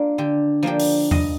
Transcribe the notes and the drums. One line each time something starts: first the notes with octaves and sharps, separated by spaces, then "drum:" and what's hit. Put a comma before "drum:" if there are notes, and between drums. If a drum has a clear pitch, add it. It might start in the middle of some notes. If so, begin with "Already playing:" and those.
Already playing: A#3 D4 F4
D3 G4
F3 A#3 D4 G4
drum: open hi-hat
G2 D#5, drum: tom E2